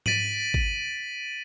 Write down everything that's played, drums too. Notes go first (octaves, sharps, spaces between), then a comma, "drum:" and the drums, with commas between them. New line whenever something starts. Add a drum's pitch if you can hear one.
A6 B6 D7 D#7 F#7, drum: tom G#2
drum: kick